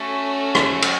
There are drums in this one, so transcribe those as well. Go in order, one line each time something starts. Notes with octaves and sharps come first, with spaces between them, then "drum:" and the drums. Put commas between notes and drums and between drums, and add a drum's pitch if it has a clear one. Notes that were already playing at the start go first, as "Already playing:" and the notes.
Already playing: A3 C#4 F#4 A4
drum: rim click
drum: cymbal